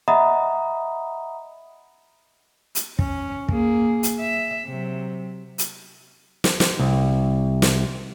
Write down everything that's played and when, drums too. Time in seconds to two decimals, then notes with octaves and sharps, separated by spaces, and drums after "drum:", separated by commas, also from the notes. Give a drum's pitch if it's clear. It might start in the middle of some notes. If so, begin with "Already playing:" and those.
0.08 D#5 E5 F#5 A#5 B5 D#6
2.75 drum: hi-hat
2.99 C#4, drum: kick
3.49 A#3 G#4, drum: kick
4.03 drum: hi-hat
4.20 E5
4.66 C3 F#3
5.58 drum: hi-hat
6.44 drum: snare
6.60 drum: snare
6.79 C2
7.62 drum: snare